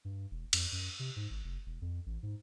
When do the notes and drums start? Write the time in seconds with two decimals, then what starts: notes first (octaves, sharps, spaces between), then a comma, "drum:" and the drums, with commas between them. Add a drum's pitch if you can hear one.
0.05 G2
0.31 E1
0.53 F2, drum: cymbal
0.72 F#2
0.99 C3
1.16 G#2
1.30 G#1
1.44 F1
1.66 E1
1.81 F2
2.06 A1
2.23 G#2